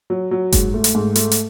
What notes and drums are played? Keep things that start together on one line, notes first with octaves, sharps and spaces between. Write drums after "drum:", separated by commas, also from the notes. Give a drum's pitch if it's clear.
F#3
F#3
G#2, drum: kick F#1, hi-hat
A3
drum: hi-hat
G#2
A3, drum: hi-hat
drum: hi-hat